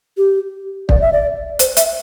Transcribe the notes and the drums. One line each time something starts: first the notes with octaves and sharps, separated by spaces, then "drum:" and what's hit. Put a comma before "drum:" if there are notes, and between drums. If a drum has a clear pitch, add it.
G4
D5, drum: kick
E5
D5
C5, drum: hi-hat
E5, drum: hi-hat